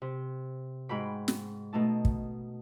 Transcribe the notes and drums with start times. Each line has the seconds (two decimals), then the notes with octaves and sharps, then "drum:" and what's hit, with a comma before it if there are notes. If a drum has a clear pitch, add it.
0.02 C3
0.89 G#2 F#4 G5 B5
1.28 drum: snare
1.73 B2 A3 D#4 A5
2.05 drum: kick